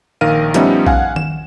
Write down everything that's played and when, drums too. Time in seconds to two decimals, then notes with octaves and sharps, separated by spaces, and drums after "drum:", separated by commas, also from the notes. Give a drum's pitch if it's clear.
0.21 A#1 D#3 A#4 F5 D#7
0.54 F3 G3 B3 C#4 D#4 E5, drum: hi-hat
0.87 F5 F#5 G#5, drum: kick A#1
1.16 E7, drum: tom D#3